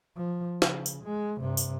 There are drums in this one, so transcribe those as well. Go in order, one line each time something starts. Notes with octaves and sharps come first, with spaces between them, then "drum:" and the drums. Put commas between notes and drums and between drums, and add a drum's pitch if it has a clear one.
F3
C#3, drum: snare
drum: tambourine
G#3
G2 C3
drum: tambourine